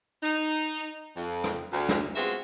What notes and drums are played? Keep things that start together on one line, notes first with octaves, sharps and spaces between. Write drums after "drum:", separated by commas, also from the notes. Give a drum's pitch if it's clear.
D#4
F2
drum: rim click
D2
drum: snare
G#3 B3 C4 F4 F#4 E5